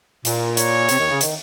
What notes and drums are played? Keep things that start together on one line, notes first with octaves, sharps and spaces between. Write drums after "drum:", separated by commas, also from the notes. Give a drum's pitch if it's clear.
A#2, drum: hi-hat
C#5, drum: hi-hat
C3, drum: hi-hat
D#2 D#3
C#3
D#3, drum: hi-hat